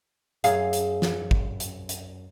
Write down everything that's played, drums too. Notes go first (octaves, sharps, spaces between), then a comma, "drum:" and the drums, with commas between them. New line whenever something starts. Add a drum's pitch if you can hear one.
F#2 G#4 F5, drum: hi-hat
drum: hi-hat
drum: snare
drum: kick
drum: hi-hat
drum: hi-hat